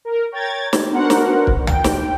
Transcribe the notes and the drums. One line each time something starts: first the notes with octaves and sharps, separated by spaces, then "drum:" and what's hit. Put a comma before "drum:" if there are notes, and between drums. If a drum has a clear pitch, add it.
A#4
C#5 G5 A#5 G#6 A6
drum: snare
B3 D4 F#4 A#4 C5 F#5
drum: snare
drum: kick
G5, drum: tom
drum: snare